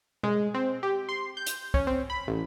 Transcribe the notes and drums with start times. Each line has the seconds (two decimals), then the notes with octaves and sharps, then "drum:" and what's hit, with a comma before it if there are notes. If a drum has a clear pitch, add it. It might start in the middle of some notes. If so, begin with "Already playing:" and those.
0.23 G#3, drum: tom B2
0.54 C4
0.83 G4
1.09 C6
1.37 G6
1.47 drum: hi-hat
1.74 C#4, drum: kick
1.87 C4
2.10 B5
2.27 A1